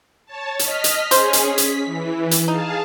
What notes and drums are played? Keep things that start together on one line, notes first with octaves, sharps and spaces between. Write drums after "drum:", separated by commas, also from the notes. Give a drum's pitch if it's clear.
C#5 A5
D#5 F6 B6, drum: hi-hat
drum: hi-hat
C#4 G#4 C5, drum: hi-hat
drum: hi-hat
B6
drum: hi-hat
E3
drum: hi-hat
D#4 G#4 F5 A5